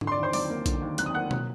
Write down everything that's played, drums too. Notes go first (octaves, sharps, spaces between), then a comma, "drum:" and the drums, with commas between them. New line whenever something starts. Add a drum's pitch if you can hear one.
D3, drum: tom G#2
C6
D5 D6
D#2
C5 C6
F#3 D5 D6, drum: open hi-hat
A#3
D3, drum: kick A#1, hi-hat
D#2
F#3 F#6, drum: hi-hat
D#6
A#3 F#5 F#6
F#3, drum: tom B2